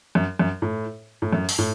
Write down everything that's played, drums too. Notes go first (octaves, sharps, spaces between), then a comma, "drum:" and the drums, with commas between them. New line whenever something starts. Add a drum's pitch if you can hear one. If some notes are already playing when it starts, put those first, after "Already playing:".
F#2
F#2
A2
A2
F#2
drum: open hi-hat
A2